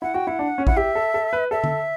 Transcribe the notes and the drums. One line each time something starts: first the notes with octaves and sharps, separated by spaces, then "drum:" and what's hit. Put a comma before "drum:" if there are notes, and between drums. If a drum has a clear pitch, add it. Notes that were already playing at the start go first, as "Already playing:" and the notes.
E4 F#5
F#4 G5
E4 F#5
D4
C#4
E4 F#5, drum: kick A1
G4 E5
A4
A4
B4
A4 E5
drum: tom D3